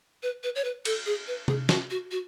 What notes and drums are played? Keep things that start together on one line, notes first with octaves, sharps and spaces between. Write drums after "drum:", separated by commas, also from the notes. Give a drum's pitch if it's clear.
B4
B4
C#5
B4
A4, drum: cymbal
G#4
B4
G#4, drum: tom C3
F#4, drum: snare
F#4
F#4